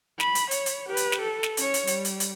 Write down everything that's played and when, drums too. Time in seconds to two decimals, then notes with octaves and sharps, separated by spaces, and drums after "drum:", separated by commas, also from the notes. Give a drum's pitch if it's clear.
0.20 B5, drum: snare
0.35 drum: hi-hat
0.51 C#5, drum: hi-hat
0.66 drum: hi-hat
0.87 G4 B4
0.97 drum: hi-hat
1.12 drum: snare
1.22 A4
1.43 drum: snare
1.57 C#4 C#5, drum: hi-hat
1.74 drum: hi-hat
1.87 G3, drum: hi-hat
2.05 drum: hi-hat
2.20 drum: hi-hat